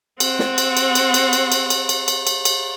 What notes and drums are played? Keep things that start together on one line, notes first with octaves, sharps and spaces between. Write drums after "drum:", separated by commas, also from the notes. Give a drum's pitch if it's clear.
C4 F#5, drum: cymbal
drum: snare
drum: cymbal
drum: cymbal
drum: cymbal
drum: cymbal
drum: cymbal
drum: cymbal
drum: cymbal
drum: cymbal
drum: cymbal
drum: cymbal
drum: cymbal